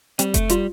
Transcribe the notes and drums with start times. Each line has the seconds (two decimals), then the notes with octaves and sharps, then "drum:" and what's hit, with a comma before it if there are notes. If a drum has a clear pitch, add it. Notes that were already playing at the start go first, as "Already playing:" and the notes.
0.19 G3 C4, drum: hi-hat
0.34 A3, drum: kick F1, hi-hat
0.50 G3 F4, drum: hi-hat